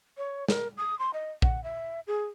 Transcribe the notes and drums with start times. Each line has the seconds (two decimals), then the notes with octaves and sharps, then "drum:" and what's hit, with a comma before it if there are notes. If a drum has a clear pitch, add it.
0.17 C#5
0.48 A#4, drum: snare
0.77 D#6
0.99 C6
1.14 D#5
1.42 F#5, drum: kick A#1
1.64 E5
2.07 G#4